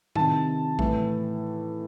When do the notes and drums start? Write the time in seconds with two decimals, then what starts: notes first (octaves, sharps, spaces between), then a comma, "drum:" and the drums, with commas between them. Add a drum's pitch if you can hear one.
0.15 C3 D#3 A5, drum: tom
0.79 A2 E3, drum: kick A#1